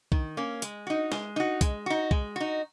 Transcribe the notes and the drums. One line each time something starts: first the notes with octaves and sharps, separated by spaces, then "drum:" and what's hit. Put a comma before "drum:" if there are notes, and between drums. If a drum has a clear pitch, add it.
D#3, drum: kick
A#3 C#4
G#3, drum: hi-hat
D#4 F#4
G#3, drum: snare
D#4 F#4
G#3, drum: kick, hi-hat
D#4 F#4
G#3, drum: kick
D#4 F#4